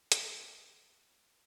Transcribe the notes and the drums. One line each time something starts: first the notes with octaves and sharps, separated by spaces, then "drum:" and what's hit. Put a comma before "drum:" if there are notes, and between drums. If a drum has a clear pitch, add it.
A#3, drum: hi-hat
B3
B3